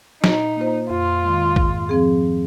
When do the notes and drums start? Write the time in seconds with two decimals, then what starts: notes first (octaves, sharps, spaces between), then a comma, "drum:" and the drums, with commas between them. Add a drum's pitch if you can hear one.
0.24 A#2 D#4, drum: snare
0.57 A#3 F4 C5
0.90 F2 F4
1.23 D#3 G#3
1.56 G#2, drum: kick
1.89 F3 C4 G#4